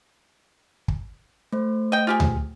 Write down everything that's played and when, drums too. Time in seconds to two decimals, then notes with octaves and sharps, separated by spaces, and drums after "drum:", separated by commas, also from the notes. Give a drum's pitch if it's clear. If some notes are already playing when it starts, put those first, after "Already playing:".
0.88 drum: kick
1.53 A3 C5
1.92 D#5 G5
2.07 F4 G4 G#4
2.20 drum: tom D2